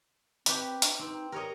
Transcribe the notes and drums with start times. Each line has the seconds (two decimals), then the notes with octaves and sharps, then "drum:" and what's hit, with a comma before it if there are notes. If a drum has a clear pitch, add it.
0.46 C4 G4 B4, drum: hi-hat
0.82 D4, drum: hi-hat
0.99 C4 D#4
1.32 G4 A#4 C#5 D#5